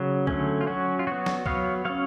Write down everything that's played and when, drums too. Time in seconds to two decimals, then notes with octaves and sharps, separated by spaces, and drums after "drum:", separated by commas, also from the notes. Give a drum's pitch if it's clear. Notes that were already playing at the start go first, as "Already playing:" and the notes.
Already playing: C#3 F#3
0.27 D3 F#3 A3 C#4, drum: kick C2
0.61 F4
0.67 F#3 C#4 F#4
0.99 F4
1.07 F#3 B3 F#4
1.26 drum: snare
1.46 F#3 B3 C#5 F5, drum: kick C2
1.85 F#3 C#4 C#5 F5